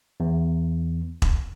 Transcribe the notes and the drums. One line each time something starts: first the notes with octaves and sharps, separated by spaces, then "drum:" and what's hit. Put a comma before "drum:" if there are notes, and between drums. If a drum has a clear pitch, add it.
E2
drum: kick E1